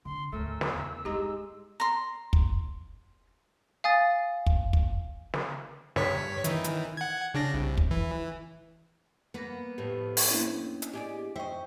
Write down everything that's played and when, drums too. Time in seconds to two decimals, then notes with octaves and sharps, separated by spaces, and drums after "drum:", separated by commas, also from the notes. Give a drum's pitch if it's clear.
0.05 D3 C6
0.32 D2 G#2 A3 C#4 A#4 E6
0.61 drum: snare
0.71 E2
1.05 G#2 G3 G#3 E4 G4 D#5 A#5
1.80 A#5 C6
2.33 drum: kick
3.84 F5 G#5 D#6 A6
4.46 drum: kick
4.73 drum: kick
5.34 drum: snare
5.96 G2 C#5 B6, drum: snare
6.44 D#3 E3, drum: hi-hat
6.64 drum: hi-hat
6.97 F#5 G#6
7.34 C#3 D4 A#6
7.54 C2
7.77 drum: kick
7.91 E3
9.34 A#3 B3 B4 A#6 C#7
9.78 F2 A2 G4 B4
10.17 drum: open hi-hat
10.31 A#3 C#4 D4 E4
10.82 drum: hi-hat
10.93 G4 G#4 D5 D#5
11.36 C5 D#5 E5 G5 C#6